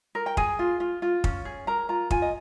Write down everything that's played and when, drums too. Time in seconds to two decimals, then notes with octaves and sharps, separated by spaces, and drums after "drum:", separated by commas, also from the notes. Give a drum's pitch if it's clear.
0.15 A#4
0.26 G5
0.37 G#4 G#5, drum: kick
0.59 F4
0.80 F4
1.02 F4
1.24 C#4, drum: kick
1.45 G#4
1.67 A#4 A#5
1.89 F4 A#5
2.11 F4 G#5, drum: kick
2.22 D#5